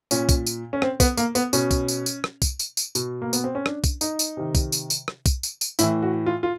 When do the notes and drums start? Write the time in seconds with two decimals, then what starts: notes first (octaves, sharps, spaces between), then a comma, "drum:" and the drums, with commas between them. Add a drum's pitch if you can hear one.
0.11 A#2 C#4, drum: tambourine
0.29 drum: kick, tambourine
0.46 drum: tambourine
0.73 C#4
0.82 C4, drum: rim click
1.00 B3, drum: kick, tambourine
1.17 A#3, drum: tambourine
1.35 B3, drum: tambourine
1.53 B2 C#4, drum: tambourine
1.71 drum: kick, tambourine
1.88 drum: tambourine
2.06 drum: tambourine
2.24 drum: rim click
2.42 drum: kick, tambourine
2.59 drum: tambourine
2.77 drum: tambourine
2.95 B2, drum: tambourine
3.22 A#3
3.33 B3, drum: tambourine
3.44 C4
3.55 C#4
3.66 D4, drum: rim click
3.84 drum: kick, tambourine
4.01 D#4, drum: tambourine
4.19 drum: tambourine
4.37 C3 D#3
4.55 drum: kick, tambourine
4.72 drum: tambourine
4.90 drum: tambourine
5.08 drum: rim click
5.26 drum: kick, tambourine
5.43 drum: tambourine
5.61 drum: tambourine
5.79 A2 E3 E4, drum: tambourine
6.02 F#4
6.26 F4
6.43 F4